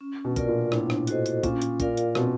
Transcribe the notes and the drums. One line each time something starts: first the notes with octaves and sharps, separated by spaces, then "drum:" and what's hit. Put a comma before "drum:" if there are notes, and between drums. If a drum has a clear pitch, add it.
C#4
B2
F4 A#4 D5, drum: kick A#1, hi-hat
A#2
A2 D4, drum: rim click
drum: rim click
F#4 A4 C5 D#5, drum: hi-hat
drum: hi-hat
A#2 C#4, drum: kick A#1, hi-hat
drum: hi-hat
F4 A#4 D5 F5, drum: kick A#1, hi-hat
drum: hi-hat
B2 C4, drum: rim click